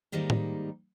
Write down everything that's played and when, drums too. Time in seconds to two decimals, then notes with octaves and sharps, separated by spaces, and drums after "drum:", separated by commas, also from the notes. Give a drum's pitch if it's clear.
0.12 G#2 D#3 G3 A#3 D#4
0.30 drum: tom A2